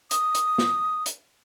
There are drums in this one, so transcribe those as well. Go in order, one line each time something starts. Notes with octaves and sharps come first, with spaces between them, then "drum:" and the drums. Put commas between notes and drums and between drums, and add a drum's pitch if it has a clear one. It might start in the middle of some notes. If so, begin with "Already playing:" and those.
D#6, drum: hi-hat
drum: hi-hat
drum: snare
drum: hi-hat